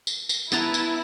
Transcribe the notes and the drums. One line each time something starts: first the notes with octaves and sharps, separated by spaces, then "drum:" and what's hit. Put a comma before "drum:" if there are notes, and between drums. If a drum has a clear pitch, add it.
drum: tambourine
drum: tambourine
B3 E4 A5 A#5, drum: tambourine
drum: tambourine